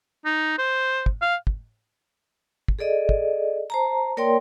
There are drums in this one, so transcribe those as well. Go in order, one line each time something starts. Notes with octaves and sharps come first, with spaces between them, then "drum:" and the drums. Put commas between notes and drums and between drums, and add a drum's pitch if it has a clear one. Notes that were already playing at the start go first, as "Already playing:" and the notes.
D#4
C5
drum: kick
F5
drum: kick
drum: kick
G#4 A4 D5 D#5
drum: kick
C5 A5 A#5
A#3 A#4 C#5 D5 G5 C6